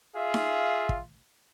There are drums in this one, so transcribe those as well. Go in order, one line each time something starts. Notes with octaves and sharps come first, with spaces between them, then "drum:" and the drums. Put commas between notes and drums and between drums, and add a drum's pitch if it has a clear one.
F4 G#4 E5 F5
drum: snare D#4
drum: kick